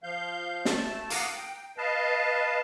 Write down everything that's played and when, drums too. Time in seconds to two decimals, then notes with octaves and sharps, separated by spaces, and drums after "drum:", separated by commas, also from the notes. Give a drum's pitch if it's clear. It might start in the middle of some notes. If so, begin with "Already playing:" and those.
0.03 F3 F5 G6
0.65 A3 A5, drum: snare
1.10 F5 F#5 A#5 D6 D#6, drum: hi-hat
1.36 G5
1.78 B4 D#5 F5 A5